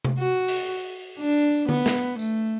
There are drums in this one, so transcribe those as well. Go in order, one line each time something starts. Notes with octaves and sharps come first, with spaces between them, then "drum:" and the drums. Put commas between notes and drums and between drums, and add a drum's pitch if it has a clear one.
drum: tom C3
F#4
drum: open hi-hat
D4
B3, drum: tom D3
drum: snare
A3, drum: tambourine